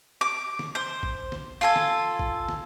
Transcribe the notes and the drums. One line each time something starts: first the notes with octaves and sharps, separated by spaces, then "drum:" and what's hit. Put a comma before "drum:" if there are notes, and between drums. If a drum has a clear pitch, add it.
D6
drum: snare
C5
drum: kick
drum: snare
F4 A4 G#5
drum: snare
drum: kick
drum: snare